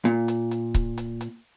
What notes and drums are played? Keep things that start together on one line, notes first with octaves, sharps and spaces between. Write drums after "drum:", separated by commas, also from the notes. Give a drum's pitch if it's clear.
A#2, drum: hi-hat
drum: hi-hat
drum: hi-hat
drum: kick C#1, hi-hat
drum: hi-hat
drum: hi-hat